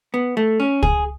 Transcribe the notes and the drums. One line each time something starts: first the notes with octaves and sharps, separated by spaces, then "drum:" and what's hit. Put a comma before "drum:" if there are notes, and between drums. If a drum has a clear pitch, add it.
B3
A3
C#4
G#4, drum: kick C#2